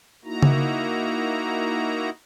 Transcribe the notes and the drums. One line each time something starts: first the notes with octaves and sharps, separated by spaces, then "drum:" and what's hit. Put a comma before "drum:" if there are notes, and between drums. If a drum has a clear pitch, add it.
A#3 D#4 E4 F#4 A#5
drum: tom C#3